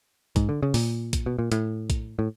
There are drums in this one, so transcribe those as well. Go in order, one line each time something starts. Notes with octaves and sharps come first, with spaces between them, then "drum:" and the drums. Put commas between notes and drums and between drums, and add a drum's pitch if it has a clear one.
G#2, drum: kick A#1, hi-hat
D3
C#3
A#2, drum: open hi-hat
drum: kick A#1, hi-hat
B2
A#2
A2, drum: hi-hat
drum: kick A#1, hi-hat
A2